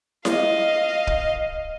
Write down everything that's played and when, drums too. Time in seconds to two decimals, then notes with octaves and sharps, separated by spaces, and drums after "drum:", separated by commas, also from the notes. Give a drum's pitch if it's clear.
0.25 D#5 F5, drum: snare E4
1.07 drum: kick